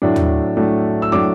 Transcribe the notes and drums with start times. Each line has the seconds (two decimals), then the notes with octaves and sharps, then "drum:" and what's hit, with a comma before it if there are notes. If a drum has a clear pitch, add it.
0.02 A2 F#3 A3 D4
0.16 drum: tom D#2
0.57 A2 F#3 A3 D4
1.02 E6
1.12 A2 F#3 A3 D4 D6